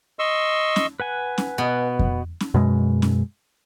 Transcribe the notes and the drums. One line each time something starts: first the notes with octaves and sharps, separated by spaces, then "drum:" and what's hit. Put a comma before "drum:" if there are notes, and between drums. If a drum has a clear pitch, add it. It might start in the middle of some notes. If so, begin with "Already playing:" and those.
D#5 C6 C#6 E6
drum: snare C#4
B4 F#5 G#5
drum: snare C#4
B2 B3
drum: kick F2
drum: snare C#4
F#2 B2 G#3
drum: snare C#4